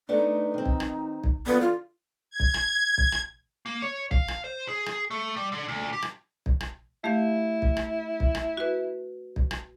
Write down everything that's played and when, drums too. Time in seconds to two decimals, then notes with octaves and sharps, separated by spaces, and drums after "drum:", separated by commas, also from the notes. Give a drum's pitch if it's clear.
0.09 A3 B3 D4 D#4
0.54 D#3 C4
0.66 drum: kick
0.80 drum: rim click
1.24 drum: kick
1.46 D3 F3 B3
1.61 F4
2.30 G#6
2.40 drum: kick
2.54 drum: rim click
2.98 drum: kick
3.12 drum: rim click
3.66 A#3
3.82 C#5
4.11 F5, drum: kick
4.28 drum: rim click
4.44 C5
4.68 G#4
4.86 drum: rim click
5.11 A3
5.36 G3
5.52 D3
5.68 D2
5.93 G4
6.02 drum: rim click
6.46 drum: kick
6.60 drum: rim click
7.04 A3 E4 G4 F5
7.62 drum: kick
7.77 drum: rim click
8.20 drum: kick
8.35 drum: rim click
8.57 F#4 B4
9.36 drum: kick
9.51 drum: rim click